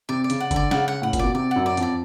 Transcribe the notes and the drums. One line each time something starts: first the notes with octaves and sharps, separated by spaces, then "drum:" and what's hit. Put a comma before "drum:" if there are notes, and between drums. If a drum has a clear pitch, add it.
C3 D5
D5
C#3, drum: hi-hat
F#5
D3, drum: kick, hi-hat
D5
C#3 F#5, drum: snare
F#5
A2 F#5
A#2, drum: kick, hi-hat
B2 D5
C3 D5
F#2 F#5
D5
F2, drum: hi-hat
D5